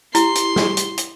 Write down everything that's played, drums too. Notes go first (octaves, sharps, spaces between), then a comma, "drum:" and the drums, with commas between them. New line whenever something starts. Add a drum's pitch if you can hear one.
E4 G4 C6, drum: hi-hat
drum: hi-hat
drum: snare
drum: hi-hat
drum: hi-hat